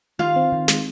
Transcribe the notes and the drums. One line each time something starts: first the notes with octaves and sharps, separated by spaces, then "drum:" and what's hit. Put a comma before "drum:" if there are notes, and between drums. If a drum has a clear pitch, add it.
D#3 F4 F5
C4
D#3
G#3, drum: snare